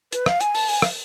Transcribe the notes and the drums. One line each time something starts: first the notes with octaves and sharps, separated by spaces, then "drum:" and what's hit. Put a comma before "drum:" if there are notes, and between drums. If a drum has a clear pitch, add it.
B4, drum: hi-hat
F5, drum: rim click
G#5, drum: hi-hat
A5, drum: open hi-hat
G#5, drum: open hi-hat
F5, drum: rim click